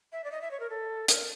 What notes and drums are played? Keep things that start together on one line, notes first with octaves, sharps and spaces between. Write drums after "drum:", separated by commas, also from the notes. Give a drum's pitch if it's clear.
E5
D5
D#5
E5
C#5
A#4
A4
A#4, drum: hi-hat